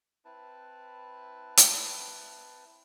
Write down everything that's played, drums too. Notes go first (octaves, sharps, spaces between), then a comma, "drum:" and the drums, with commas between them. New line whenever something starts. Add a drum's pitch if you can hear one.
C4 E4 B4 A5
drum: hi-hat